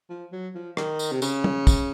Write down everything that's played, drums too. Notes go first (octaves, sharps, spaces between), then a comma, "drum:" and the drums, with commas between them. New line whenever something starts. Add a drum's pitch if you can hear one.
F3
F#3
F3
D#3, drum: rim click
drum: tambourine
C3
C#3, drum: tambourine
drum: tom
drum: kick, tambourine